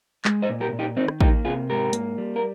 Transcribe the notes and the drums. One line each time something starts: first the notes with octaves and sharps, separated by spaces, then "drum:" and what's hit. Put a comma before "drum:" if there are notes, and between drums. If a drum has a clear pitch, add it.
G#3, drum: clap
C5 D#5
A#2
G4 A#4
A#2
D#4 G4
D#3 C4 D#4
drum: rim click
A#3 D#4 G4, drum: kick
C3 F4 G#4
G#2 G4 A#4
A#3, drum: hi-hat
G3
A#4